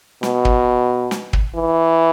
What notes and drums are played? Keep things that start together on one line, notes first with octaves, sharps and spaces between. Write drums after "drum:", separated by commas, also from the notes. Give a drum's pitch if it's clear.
B2, drum: snare
drum: kick
drum: snare
drum: kick
E3